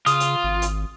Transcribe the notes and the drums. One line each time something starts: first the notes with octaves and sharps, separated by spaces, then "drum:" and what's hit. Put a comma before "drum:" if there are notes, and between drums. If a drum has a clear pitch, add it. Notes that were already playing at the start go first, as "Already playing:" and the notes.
C#3 F4 D#6, drum: hi-hat
drum: hi-hat
G#1
drum: hi-hat